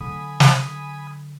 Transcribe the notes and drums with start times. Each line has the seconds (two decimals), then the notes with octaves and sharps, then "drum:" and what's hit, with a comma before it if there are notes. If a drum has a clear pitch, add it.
0.01 D3 F#3 G#5 B5 D#6
0.40 drum: snare